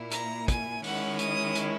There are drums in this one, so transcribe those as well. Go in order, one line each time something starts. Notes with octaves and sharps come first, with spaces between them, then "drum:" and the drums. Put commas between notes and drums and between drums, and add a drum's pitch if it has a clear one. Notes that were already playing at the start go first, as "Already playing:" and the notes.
Already playing: A#2 A#3 E4
A#5, drum: hi-hat
G#5, drum: kick, hi-hat
D#3 G#3 C#4 E4 F#5, drum: open hi-hat
D#6, drum: hi-hat
drum: hi-hat